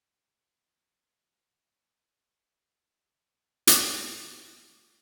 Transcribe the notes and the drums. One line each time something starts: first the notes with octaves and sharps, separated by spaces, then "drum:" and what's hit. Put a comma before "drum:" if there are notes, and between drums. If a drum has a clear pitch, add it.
B2 F3
F#2 C3
drum: hi-hat
B2